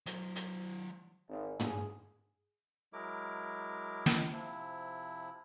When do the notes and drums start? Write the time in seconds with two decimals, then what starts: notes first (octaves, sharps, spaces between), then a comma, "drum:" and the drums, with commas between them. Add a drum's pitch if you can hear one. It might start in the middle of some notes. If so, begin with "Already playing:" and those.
0.06 F#3 C5, drum: hi-hat
0.36 drum: hi-hat
1.29 G#1
1.60 G#4, drum: tom
2.93 F#3 G#3 E4 A#4 D6
4.06 drum: snare
4.32 C3 F3 E4